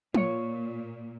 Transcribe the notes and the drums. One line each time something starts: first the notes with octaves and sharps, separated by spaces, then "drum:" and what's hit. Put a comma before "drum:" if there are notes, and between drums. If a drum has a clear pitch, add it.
A#2 F4 C#5, drum: tom